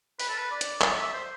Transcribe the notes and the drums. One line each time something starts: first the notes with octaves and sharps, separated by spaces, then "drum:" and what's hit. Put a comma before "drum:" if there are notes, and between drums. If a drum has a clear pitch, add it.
B4, drum: open hi-hat
A4
B4
D5
drum: hi-hat
D5, drum: clap
E5
C5